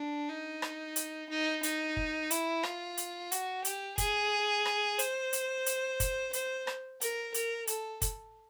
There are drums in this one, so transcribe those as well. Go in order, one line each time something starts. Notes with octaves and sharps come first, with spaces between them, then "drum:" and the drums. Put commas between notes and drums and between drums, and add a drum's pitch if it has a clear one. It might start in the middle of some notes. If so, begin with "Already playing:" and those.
Already playing: D4
D#4
drum: rim click
drum: hi-hat
D#4
D#4, drum: hi-hat
drum: kick
E4, drum: hi-hat
F4, drum: rim click
drum: hi-hat
F#4, drum: hi-hat
G4, drum: hi-hat
G#4, drum: kick, hi-hat
drum: rim click
C5, drum: hi-hat
drum: hi-hat
drum: hi-hat
drum: kick, hi-hat
C5, drum: hi-hat
drum: rim click
A#4, drum: hi-hat
A#4, drum: hi-hat
A4, drum: hi-hat
drum: kick, hi-hat